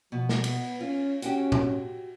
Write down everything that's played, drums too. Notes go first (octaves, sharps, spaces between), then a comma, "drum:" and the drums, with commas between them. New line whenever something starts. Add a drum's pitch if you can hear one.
B2 F3
drum: snare
B3, drum: cymbal
C#4 F4
C#4 F#4 G4, drum: hi-hat
drum: tom A2